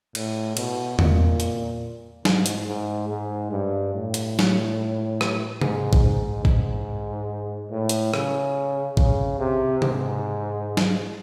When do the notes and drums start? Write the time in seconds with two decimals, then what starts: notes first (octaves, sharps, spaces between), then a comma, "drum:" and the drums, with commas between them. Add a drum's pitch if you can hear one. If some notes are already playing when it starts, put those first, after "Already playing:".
0.15 A2, drum: cymbal
0.57 B2, drum: cymbal
0.99 A#2, drum: tom E2
1.40 drum: hi-hat
2.25 G#2, drum: snare
2.46 drum: hi-hat
2.67 G#2
3.09 G#2
3.51 G2
3.93 A2
4.14 drum: hi-hat
4.39 drum: snare
5.21 drum: rim click
5.61 G#2, drum: tom C3
5.93 drum: kick
6.04 G#2
6.45 G#2, drum: kick
7.71 A2
7.89 drum: hi-hat
8.14 C#3, drum: rim click
8.97 C#3, drum: kick
9.39 C3
9.82 G#2, drum: tom C3
10.77 drum: snare